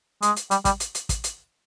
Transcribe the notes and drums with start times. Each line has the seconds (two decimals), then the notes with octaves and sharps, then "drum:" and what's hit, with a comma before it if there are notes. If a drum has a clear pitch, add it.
0.22 G#3, drum: hi-hat
0.36 drum: hi-hat
0.51 G3, drum: hi-hat
0.65 G3, drum: kick, hi-hat
0.80 drum: hi-hat
0.95 drum: hi-hat
1.09 drum: kick, hi-hat
1.24 drum: hi-hat